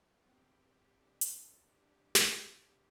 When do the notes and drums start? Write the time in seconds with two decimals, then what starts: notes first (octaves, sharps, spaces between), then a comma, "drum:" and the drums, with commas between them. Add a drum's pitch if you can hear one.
0.20 B3
0.28 C4 G4
0.92 C4
0.98 D4
1.15 D4
1.21 C4 A4, drum: hi-hat
1.67 D4 G4
1.82 D4
2.15 C4, drum: snare